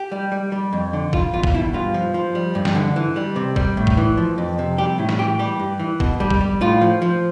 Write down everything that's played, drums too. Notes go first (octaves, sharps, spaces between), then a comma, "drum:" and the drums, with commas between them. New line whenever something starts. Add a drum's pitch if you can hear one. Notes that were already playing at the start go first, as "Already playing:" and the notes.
Already playing: G4
G3
G3
G3
F2
D3
G3 F4, drum: kick
E2 F4
drum: kick
B2 E4
G2 F4
F3
F3
G3
G2
drum: snare
D3
E3
G3
C3
G3, drum: kick
A2
drum: kick
E3
F3
F2
C3
G3 G4
A2 E4
drum: snare
E3 G4
G3 G4
G2
E3
B2, drum: kick
G3
drum: kick
G3
A2 F4
F3
F3